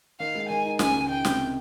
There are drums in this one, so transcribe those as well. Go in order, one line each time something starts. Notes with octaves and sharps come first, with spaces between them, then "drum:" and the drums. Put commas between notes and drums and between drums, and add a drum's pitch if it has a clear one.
D#3 F5
G#3
D#3 G#5
D#4
C#2 G#5, drum: snare
C#2
D#3 G5
C3, drum: snare